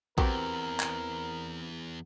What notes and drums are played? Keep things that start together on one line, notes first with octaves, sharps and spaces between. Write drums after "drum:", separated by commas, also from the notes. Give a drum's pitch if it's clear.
E2 C4 F#4 G4 A#4 B4, drum: kick A#1
drum: clap